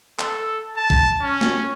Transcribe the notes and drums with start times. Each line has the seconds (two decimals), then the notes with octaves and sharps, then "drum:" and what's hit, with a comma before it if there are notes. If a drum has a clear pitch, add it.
0.19 A4, drum: clap
0.77 A5
0.90 drum: kick A#1
1.21 C#4
1.41 drum: snare